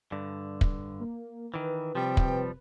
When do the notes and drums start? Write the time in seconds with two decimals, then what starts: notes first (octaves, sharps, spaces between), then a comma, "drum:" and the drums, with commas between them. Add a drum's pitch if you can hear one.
0.12 G2 D3
0.61 drum: kick
1.00 A#3
1.54 D#3 E3 B4
1.95 C3 F3 G3 G5
2.17 drum: kick